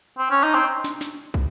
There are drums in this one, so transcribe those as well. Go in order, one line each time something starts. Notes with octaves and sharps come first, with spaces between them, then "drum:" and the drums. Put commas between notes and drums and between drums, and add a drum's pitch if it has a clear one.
C4
C#4
D#4
C4
drum: snare
drum: snare
drum: kick